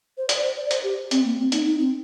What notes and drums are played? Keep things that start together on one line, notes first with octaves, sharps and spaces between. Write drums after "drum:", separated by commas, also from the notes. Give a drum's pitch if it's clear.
C5
D5, drum: hi-hat
C5
D5
C5, drum: hi-hat
G4
C4, drum: hi-hat
A#3
C4
D#4, drum: hi-hat
D#4
C4